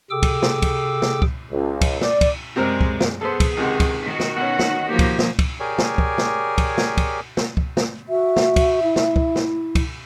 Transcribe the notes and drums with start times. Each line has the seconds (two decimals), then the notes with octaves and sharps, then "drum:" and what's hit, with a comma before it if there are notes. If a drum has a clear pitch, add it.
0.11 C3 G#4 A4 G5 D6 E6
0.23 drum: kick, cymbal
0.42 drum: snare
0.62 drum: kick, cymbal
1.02 drum: snare
1.22 drum: kick
1.50 C#2
1.81 drum: kick, cymbal
2.01 D5, drum: snare
2.21 drum: kick, cymbal
2.56 F#2 C3 G#3 C4 A#4 D5
2.81 drum: kick
3.00 drum: snare
3.21 B3 G#4 A4 C5
3.40 drum: kick, cymbal
3.57 C#2 C3 D#3 F#5
3.80 drum: kick, cymbal
4.04 D#3 F#4
4.20 drum: snare
4.36 B2 C#4 F#5
4.59 drum: snare
4.89 F3 A#3 G4
4.99 drum: kick, cymbal
5.19 drum: snare
5.39 drum: kick, cymbal
5.60 G4 G#4 A#4 C#5 D5 G#5
5.78 drum: snare
5.98 drum: kick
6.18 drum: snare
6.58 drum: kick, cymbal
6.78 drum: snare
6.97 drum: kick, cymbal
7.37 drum: snare
7.57 drum: kick
7.77 drum: snare
8.09 F#4 E5
8.36 drum: snare
8.56 drum: kick, cymbal
8.83 E4
8.96 drum: snare
9.16 drum: kick
9.36 drum: snare
9.75 drum: kick, cymbal